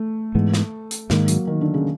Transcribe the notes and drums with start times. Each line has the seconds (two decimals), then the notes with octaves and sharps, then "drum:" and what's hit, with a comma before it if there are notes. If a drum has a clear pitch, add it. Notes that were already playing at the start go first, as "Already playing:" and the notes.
Already playing: A3
0.35 G#2 E3 G#3 B3
0.54 drum: snare
0.91 drum: hi-hat
1.10 G#2 D#3 G#3 A#3, drum: snare
1.28 F#3, drum: hi-hat
1.47 D#3
1.61 D3
1.74 C#3